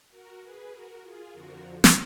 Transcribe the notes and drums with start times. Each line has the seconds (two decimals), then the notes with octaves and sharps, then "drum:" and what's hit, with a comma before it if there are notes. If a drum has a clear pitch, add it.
0.11 F#4 A#4
0.42 G#4 B4
0.71 F#4 A#4
1.02 F4 G#4
1.32 F2 D3 F3 F#4 A#4
1.84 drum: snare